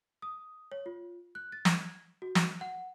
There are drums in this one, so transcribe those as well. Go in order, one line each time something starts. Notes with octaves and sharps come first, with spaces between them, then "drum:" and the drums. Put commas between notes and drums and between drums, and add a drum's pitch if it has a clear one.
D#6
C#5
F4
F#6
A6
G#6, drum: snare
F#4
drum: snare
F#5